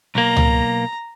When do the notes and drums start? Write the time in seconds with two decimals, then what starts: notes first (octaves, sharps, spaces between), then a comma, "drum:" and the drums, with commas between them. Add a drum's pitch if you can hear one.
0.15 B1 A#3 A#5
0.37 drum: tom C#2